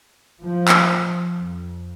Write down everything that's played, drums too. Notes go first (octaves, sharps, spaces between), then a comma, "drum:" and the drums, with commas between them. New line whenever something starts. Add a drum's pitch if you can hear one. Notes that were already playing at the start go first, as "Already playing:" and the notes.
F3
drum: clap
F2